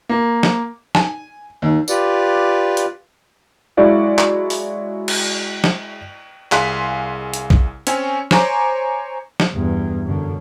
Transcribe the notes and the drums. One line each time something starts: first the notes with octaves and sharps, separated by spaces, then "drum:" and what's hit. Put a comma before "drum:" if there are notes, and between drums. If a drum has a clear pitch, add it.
A#3
drum: snare
G#5, drum: snare
D#2
F4 G4 B4 D5, drum: tambourine
drum: hi-hat
F#3 G#3 E4 F#4 D5 F5
drum: clap
drum: open hi-hat
drum: cymbal
drum: snare
C2 G#4 F5 C6 F#6 B6, drum: clap
drum: hi-hat
drum: kick
C4 C#4 C#5 G#5, drum: hi-hat
C5 C#5 G#5 A#5 D6, drum: snare
drum: snare
E2 G2
F#2 D3